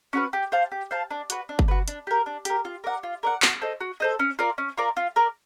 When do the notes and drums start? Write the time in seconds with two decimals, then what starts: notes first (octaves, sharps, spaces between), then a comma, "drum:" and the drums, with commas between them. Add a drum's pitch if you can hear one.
0.13 C#4 F#4 B4
0.33 G4
0.52 C5 F5 A5
0.72 G4
0.91 C5 F5 A5
1.10 D4
1.30 F#4 B4, drum: hi-hat
1.49 D4
1.59 drum: kick G1
1.68 F#4 B4
1.88 D4, drum: hi-hat
2.07 G4 A#4
2.26 D4
2.45 G4 A#4, drum: hi-hat
2.65 F4
2.84 A#4 D5 F#5
3.03 F4
3.23 A#4 D5 F#5
3.42 F#4, drum: clap
3.61 A4 C5 D#5
3.81 F#4
4.00 A4 C5 D#5
4.19 C#4
4.39 F4 A#4 D5
4.58 C#4
4.77 F4 A#4 D5
4.97 F4
5.16 A#4 D5